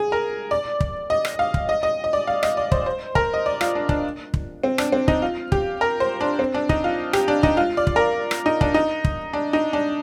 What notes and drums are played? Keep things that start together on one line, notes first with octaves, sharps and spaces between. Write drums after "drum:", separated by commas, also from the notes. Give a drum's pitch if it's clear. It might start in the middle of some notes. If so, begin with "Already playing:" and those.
Already playing: G#4
A#4
D5
drum: kick
D#5
drum: rim click
F5
drum: kick
D#5
D#5
D#5
D5
F5
D#5, drum: rim click
D5
C5, drum: kick
C5
A#4, drum: kick
D#5
D5
F4, drum: rim click
D4
D4, drum: kick
drum: kick
C4
D4, drum: rim click
C4
D#4, drum: kick
F4
G4, drum: kick
A#4
C5
D4
C4
D4
D#4, drum: kick
F4
G4, drum: rim click
D4
D#4, drum: kick
F4
D5
drum: kick
A#4
drum: rim click
D#4
D4, drum: kick
D#4
drum: kick
D4
D#4
D4